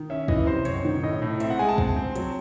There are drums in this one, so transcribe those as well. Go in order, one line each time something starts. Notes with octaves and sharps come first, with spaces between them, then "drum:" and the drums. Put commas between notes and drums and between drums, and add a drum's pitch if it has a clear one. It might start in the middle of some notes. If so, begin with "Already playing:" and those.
Already playing: D#3
C#4 E5
E3 D#5, drum: kick
C3 C5
F#2 C#5, drum: hi-hat
D#3
A2 D#5
A2
C4 E5, drum: hi-hat
F#5
G#3 G#5
A5
C4, drum: kick
C4
F#3, drum: hi-hat